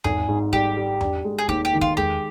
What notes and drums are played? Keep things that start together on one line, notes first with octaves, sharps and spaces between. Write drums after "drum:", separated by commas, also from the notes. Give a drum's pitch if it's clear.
G#1 G#4, drum: tom E2
G#2
G3 G4, drum: kick
G3
D4, drum: tom E2
G#3
G#4
D#2 G4, drum: kick
G4
D#3
F4, drum: kick
G#3 G4, drum: tom E2